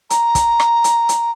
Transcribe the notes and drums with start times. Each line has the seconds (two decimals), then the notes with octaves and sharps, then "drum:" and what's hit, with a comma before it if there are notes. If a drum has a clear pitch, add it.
0.10 A#5, drum: hi-hat
0.35 drum: kick, hi-hat
0.60 drum: rim click
0.84 drum: hi-hat
1.09 drum: hi-hat